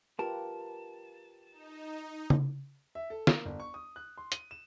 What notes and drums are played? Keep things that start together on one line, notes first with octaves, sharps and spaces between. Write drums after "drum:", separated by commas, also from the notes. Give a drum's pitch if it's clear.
F4 G4 A#4 B4 A5
D#4
drum: tom C#3
E5
A4
A#3, drum: snare
G1
C#6
D#6
F#6
C6
D#7, drum: hi-hat
E7